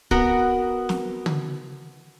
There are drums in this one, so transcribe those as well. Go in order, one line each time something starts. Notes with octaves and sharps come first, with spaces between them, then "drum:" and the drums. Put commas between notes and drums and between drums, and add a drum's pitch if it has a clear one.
B3 F#4 A#4, drum: kick
drum: snare
drum: tom